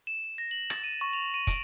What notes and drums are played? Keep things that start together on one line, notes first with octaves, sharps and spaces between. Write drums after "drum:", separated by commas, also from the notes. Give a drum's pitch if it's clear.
E7
E7
A#6
F#7
A6, drum: rim click
D#7
C#6
F7
D#7
D7, drum: kick, hi-hat